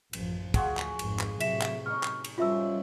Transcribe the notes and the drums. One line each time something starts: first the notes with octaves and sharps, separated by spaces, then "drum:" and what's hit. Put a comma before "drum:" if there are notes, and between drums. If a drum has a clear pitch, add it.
A1 F#2 F3, drum: cymbal
D2 F4 F#4 G#4, drum: kick, cymbal
drum: clap
G#1 F2 G#2, drum: cymbal
drum: clap
A2 C3 F#3 E5 B6 E7, drum: cymbal
drum: clap
D#4 C#6 F6
drum: clap
drum: cymbal
F#2 F3 G3 F4 E5 E6